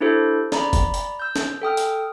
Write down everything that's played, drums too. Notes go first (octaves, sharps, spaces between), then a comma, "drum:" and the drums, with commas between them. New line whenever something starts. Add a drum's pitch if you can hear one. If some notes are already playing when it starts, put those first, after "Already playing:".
D4 E4 G4 A4 C5
D5 A#5 B5, drum: snare
drum: kick, hi-hat
drum: hi-hat
E6 G6
drum: snare
A4 G5 D#6 F6
drum: hi-hat